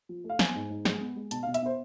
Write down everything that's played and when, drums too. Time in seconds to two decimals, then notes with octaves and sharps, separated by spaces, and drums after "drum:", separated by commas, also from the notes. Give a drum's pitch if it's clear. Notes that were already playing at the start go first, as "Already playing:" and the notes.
0.09 F3
0.24 A3
0.30 F5
0.39 B3 G#5, drum: snare
0.55 G#2
0.70 G#2
0.85 G#3, drum: snare
1.01 B3
1.16 G#3
1.31 B2 A5, drum: hi-hat
1.43 F5
1.47 B2
1.54 E5, drum: hi-hat
1.62 B3 C5